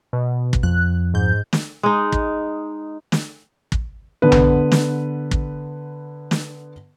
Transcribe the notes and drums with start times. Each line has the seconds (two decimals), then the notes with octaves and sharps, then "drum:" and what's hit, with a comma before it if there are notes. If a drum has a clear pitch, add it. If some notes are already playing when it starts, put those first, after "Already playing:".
0.13 B2
0.53 drum: kick
0.63 F2 F#6
1.14 G#2 G6
1.53 drum: snare
1.83 G#3 D#4
2.12 drum: kick
3.12 drum: snare
3.72 drum: kick
4.22 D3 B3 B4
4.32 drum: tom A#1
4.72 drum: snare
5.31 drum: kick
6.31 drum: snare